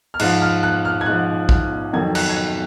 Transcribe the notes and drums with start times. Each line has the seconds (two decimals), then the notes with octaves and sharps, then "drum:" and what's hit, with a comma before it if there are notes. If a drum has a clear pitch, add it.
0.14 F6
0.19 G#2 F3 F#6, drum: cymbal
0.42 F6
0.63 F#6
0.85 F6
1.01 G#6
1.06 G#2 F3 F#6
1.49 drum: kick
1.93 F2 D#3 F#3 G#6
2.15 F#6, drum: cymbal
2.29 G#6
2.36 F#6